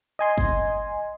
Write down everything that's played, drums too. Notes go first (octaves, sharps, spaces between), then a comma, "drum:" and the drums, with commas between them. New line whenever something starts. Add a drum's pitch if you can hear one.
D#5 G#5 C6
drum: kick